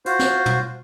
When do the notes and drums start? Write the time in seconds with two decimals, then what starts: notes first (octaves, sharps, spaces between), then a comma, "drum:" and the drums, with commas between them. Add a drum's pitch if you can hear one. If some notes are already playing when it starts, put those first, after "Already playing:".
0.06 F4 F#4 C5, drum: hi-hat
0.19 drum: snare
0.46 drum: tom